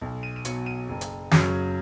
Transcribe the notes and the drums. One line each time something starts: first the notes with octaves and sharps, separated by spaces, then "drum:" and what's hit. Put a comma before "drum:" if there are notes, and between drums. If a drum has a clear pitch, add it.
B1
D#7
D#7
B2 F#3 C#7, drum: hi-hat
D#7
F#1
drum: hi-hat
F#2 C#3 F#3, drum: snare